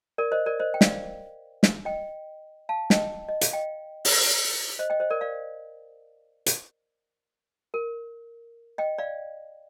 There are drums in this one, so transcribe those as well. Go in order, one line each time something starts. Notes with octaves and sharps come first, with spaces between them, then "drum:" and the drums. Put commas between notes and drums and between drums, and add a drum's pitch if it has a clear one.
A#4 D5
C5 D#5
A#4 D5
C5 D#5
G5
D5 F5, drum: snare
drum: snare
D#5 G5
F5 A5
D#5 G5, drum: snare
D#5
F5, drum: hi-hat
D#5 G5
drum: open hi-hat
C5 D#5
D#5 G5
C5 D#5
A#4 D5
D5 F5
drum: hi-hat
A#4
D#5 G5
D5 F5